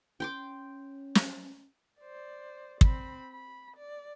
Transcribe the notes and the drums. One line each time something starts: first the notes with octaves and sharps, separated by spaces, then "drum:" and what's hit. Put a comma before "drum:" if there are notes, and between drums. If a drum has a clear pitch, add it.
C#4 G5 C6 D6
drum: snare
C5 D5
C4 B5, drum: kick
B5
D5